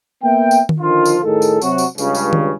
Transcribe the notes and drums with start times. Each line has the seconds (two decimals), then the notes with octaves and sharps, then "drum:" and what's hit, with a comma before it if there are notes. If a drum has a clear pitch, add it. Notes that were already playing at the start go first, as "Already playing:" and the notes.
0.24 A#3 B3 E5 G5
0.51 drum: tambourine
0.69 drum: tom D#3
0.80 D3 D#3 F3 F4
1.06 drum: tambourine
1.24 A2 D#3 G#4 A4
1.42 drum: tambourine
1.62 C3 F#3 F#4, drum: tambourine
1.78 drum: tambourine
1.98 C#2 G2 C#3, drum: tambourine
2.15 drum: tambourine
2.33 drum: tom D#3